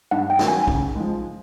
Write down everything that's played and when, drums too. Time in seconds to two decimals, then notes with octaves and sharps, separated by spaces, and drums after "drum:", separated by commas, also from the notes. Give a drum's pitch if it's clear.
0.11 G2 F#5
0.30 G5
0.39 D#3 F#3 A#3 C#4, drum: snare
0.48 G#5
0.68 C#3, drum: kick
0.95 F3 G#3